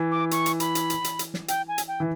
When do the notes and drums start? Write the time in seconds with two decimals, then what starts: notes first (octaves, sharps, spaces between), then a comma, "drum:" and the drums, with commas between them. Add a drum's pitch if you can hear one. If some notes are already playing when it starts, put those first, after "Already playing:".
Already playing: E3
0.11 D6
0.31 C#6, drum: hi-hat
0.46 drum: hi-hat
0.60 B5, drum: hi-hat
0.75 drum: hi-hat
0.90 drum: hi-hat
1.04 drum: hi-hat
1.19 drum: hi-hat
1.34 drum: snare
1.48 G5, drum: hi-hat
1.68 G#5
1.78 drum: hi-hat
1.88 G5
2.00 E3